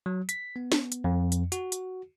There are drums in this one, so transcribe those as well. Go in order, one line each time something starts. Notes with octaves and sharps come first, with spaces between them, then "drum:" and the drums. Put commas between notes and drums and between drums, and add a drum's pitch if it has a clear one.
F#3
B6, drum: hi-hat
B3
drum: snare
drum: hi-hat
F2
drum: hi-hat
F#4, drum: hi-hat
drum: hi-hat